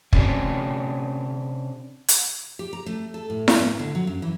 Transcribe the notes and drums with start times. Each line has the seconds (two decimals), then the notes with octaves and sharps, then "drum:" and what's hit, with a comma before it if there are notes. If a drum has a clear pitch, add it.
0.13 C3 C#4 D4 F#4 G#4, drum: kick
2.08 drum: hi-hat
2.59 G4
2.73 A#5
2.86 A3
3.14 A4
3.30 A2
3.48 G#3, drum: snare E4
3.59 A2
3.79 D3
3.95 F#3
4.07 F#2
4.22 E3